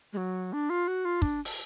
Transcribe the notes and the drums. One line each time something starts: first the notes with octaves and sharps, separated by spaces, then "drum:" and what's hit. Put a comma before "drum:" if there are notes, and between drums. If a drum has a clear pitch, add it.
G#3
F#3
D4
F4
F#4
F4
D4, drum: kick
drum: open hi-hat